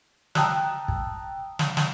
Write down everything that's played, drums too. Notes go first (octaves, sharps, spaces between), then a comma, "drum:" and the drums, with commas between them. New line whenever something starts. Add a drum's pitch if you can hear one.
G5 A5 A#5 D#6 E6 F#6, drum: snare
drum: kick
drum: snare
drum: snare